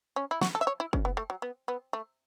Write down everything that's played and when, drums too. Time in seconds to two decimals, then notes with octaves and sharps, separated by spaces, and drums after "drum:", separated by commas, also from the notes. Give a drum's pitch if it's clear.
0.16 C#4
0.31 E4
0.41 F#4, drum: snare
0.55 A4
0.61 E5
0.67 C#5
0.80 E4
0.93 C#4, drum: kick
1.05 B3
1.17 A3
1.30 F#3
1.42 B3
1.68 B3
1.93 A3